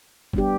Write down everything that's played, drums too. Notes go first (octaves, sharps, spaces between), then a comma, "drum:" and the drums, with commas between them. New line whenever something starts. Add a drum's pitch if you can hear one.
G3 B3 D4 G4, drum: kick